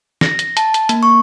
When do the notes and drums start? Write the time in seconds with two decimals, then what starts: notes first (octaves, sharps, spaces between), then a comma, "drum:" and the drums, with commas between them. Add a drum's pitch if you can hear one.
0.21 A#6, drum: snare
0.39 drum: hi-hat
0.57 A5, drum: hi-hat
0.74 drum: hi-hat
0.89 A#3, drum: hi-hat
1.03 C#6